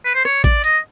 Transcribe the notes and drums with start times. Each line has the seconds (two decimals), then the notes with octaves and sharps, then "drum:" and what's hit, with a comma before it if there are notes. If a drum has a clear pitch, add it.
0.06 B4
0.15 C5
0.25 C#5, drum: rim click
0.44 D5, drum: kick A1, hi-hat
0.64 D#5, drum: hi-hat